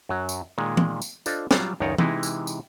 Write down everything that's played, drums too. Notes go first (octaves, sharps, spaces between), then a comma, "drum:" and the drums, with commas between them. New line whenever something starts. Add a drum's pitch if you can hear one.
F#2 F#3
drum: tambourine
A#2 D#3 G#3
drum: tom E3
drum: tambourine
D4 F4 A4 C5 D#5, drum: tambourine
F#3 G3 F4, drum: snare
C#2 F#2 D#3 D#4 C#5 D5
C3 E3 G#3 D#4 E4, drum: tom E3
drum: tambourine
drum: tambourine